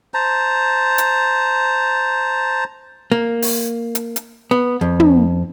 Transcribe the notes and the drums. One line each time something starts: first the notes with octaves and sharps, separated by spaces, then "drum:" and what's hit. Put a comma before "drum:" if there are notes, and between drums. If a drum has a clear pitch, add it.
C5 A5 A#5
drum: hi-hat
A#3
drum: open hi-hat
drum: hi-hat
drum: hi-hat
B3
F2
drum: tom